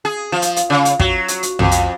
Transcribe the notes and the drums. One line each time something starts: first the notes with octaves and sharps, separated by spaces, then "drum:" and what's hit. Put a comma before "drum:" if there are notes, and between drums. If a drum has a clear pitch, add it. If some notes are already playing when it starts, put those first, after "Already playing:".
G#4
F3
drum: hi-hat
drum: hi-hat
C#3
drum: hi-hat
F#3, drum: kick
drum: hi-hat
drum: hi-hat
F2, drum: tom
drum: hi-hat